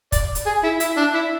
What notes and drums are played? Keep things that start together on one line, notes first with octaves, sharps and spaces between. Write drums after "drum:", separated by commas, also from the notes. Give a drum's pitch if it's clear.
D5, drum: kick, hi-hat
drum: hi-hat
G#4
E4
E4, drum: hi-hat
D4
E4